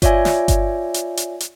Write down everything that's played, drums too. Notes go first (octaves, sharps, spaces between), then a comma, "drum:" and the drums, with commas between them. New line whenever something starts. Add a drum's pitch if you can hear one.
F4 C#5 D5 E5 G#5, drum: kick G1, hi-hat
drum: snare
drum: kick G1, hi-hat
drum: hi-hat
drum: hi-hat
drum: hi-hat